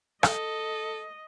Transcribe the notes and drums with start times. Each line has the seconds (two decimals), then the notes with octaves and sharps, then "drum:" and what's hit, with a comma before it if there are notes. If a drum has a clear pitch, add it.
0.23 A4 D#5, drum: rim click